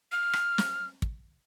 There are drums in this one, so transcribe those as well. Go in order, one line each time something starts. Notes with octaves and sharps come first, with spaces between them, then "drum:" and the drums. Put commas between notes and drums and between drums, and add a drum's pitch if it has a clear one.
F6
drum: rim click
drum: snare
drum: kick